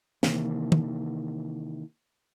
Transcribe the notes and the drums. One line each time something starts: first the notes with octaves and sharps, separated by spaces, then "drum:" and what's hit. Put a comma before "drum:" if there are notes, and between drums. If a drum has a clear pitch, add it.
C3 D#3 E3 A#3, drum: snare
drum: tom